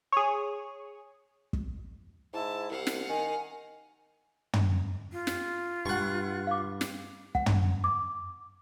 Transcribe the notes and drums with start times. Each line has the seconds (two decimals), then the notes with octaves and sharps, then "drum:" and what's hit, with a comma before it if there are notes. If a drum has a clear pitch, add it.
0.12 G#4 C#5
1.53 drum: kick
2.34 G#2 E4 A5
2.70 C2 F5 F#5
2.87 drum: snare
3.09 D#3 G#5
4.53 drum: tom
5.12 F4
5.27 drum: snare
5.86 G2 F#5 C#6
6.47 F5 D6
6.81 drum: snare
7.35 F#5, drum: kick
7.46 drum: tom
7.84 D6